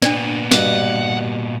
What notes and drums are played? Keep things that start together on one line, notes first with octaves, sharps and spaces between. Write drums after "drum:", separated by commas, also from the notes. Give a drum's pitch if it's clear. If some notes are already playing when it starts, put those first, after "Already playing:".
A#2 B3 D4 D5, drum: snare
G2 B2 F#5 D6, drum: snare